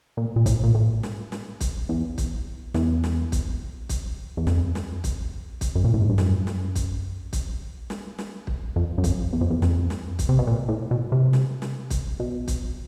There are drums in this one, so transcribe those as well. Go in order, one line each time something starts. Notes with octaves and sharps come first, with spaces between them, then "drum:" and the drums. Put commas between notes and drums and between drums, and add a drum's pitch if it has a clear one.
A#2
A#2
A2, drum: kick, hi-hat
A#2
A2
drum: snare
drum: snare
drum: kick, hi-hat
E2
drum: kick, hi-hat
E2, drum: snare
drum: snare
drum: kick, hi-hat
drum: kick, hi-hat
E2
F2, drum: snare
drum: snare
drum: kick, hi-hat
drum: kick, hi-hat
F#2
A#2
A2
G#2
G2
F#2, drum: snare
drum: snare
drum: kick, hi-hat
drum: kick, hi-hat
drum: snare
drum: snare
drum: kick
F2
F#2
F2, drum: kick, hi-hat
E2
F2
E2
F2, drum: snare
drum: snare
drum: kick, hi-hat
C3
B2
A#2
A2
B2
C3
drum: snare
drum: snare
drum: kick, hi-hat
B2
drum: kick, hi-hat